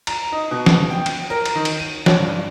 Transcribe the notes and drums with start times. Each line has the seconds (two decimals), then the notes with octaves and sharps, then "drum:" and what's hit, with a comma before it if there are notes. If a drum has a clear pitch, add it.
0.07 A#5, drum: cymbal
0.32 D#4
0.51 B2
0.66 drum: snare
0.90 G5
1.06 drum: cymbal
1.30 A#4
1.45 drum: cymbal
1.55 D#3
1.65 drum: cymbal
1.80 D#7
2.06 C#5, drum: snare
2.19 G2